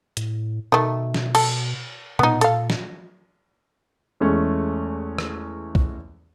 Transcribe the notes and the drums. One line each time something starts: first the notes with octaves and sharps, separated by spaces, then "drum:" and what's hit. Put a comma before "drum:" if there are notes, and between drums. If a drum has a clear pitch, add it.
A2, drum: hi-hat
B2 D#3 A3
drum: snare
A4, drum: cymbal
A#2 B3 D#4, drum: tom B2
A4 F5, drum: hi-hat
drum: snare
E2 G#3 A3 C#4
drum: rim click
drum: kick